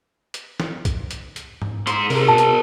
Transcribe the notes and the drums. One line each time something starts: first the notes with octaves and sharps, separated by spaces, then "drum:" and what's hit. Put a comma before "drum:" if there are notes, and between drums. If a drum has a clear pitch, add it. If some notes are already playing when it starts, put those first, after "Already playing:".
drum: hi-hat
drum: snare
drum: kick, hi-hat
drum: hi-hat
drum: hi-hat
drum: tom
G#2 C6, drum: hi-hat
C3 G#4 A#4, drum: open hi-hat
B2 A5
drum: hi-hat